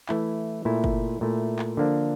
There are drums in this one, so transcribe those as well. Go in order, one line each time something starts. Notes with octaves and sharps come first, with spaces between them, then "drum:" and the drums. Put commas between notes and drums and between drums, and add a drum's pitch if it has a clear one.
E3 A3 E4, drum: clap
A#2 A3 E4
drum: kick
A#2 A3 E4
drum: clap
D3 F3 A#3 D4